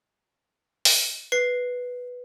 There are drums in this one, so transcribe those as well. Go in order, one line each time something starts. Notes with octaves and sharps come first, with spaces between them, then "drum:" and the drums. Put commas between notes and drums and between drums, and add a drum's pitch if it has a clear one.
drum: open hi-hat
B4 C7